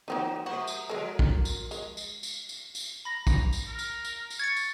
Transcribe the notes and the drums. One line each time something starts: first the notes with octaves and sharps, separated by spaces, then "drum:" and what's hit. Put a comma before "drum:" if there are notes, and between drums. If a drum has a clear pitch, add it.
E3 F#3 A#3 C4 D#4
G3 A#3 F#4 C5
drum: tambourine
F3 G#3 A4 A#4
drum: kick
drum: tambourine
G#3, drum: tambourine
drum: tambourine
drum: tambourine
drum: tambourine
drum: tambourine
A#5 B5 A#6
drum: kick, tambourine
drum: tambourine
A#4
drum: tambourine
drum: tambourine
drum: tambourine
C#6 G#6 A6 C#7
drum: tambourine